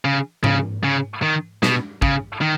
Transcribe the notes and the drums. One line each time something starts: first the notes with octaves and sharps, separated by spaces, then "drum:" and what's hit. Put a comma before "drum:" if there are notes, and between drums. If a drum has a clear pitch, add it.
C#3
C#3, drum: tom G#2
C#3
D#3
B2, drum: snare
C#3, drum: kick
D#3